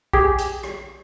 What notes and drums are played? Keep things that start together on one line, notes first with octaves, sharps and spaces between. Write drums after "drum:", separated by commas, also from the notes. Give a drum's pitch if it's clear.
G4 G#4, drum: kick A#1
drum: hi-hat
drum: rim click